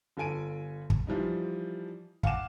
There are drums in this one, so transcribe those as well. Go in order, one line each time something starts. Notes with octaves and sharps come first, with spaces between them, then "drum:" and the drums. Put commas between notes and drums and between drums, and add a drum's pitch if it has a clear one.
G1 F4 A4 G#5 D7 D#7
drum: kick
E3 F3 G3 D#4
F5 F#5 G#5 D6 E7, drum: kick